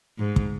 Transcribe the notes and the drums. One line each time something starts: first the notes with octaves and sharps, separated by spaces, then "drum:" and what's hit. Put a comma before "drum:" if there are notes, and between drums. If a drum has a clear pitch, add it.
G#2
drum: kick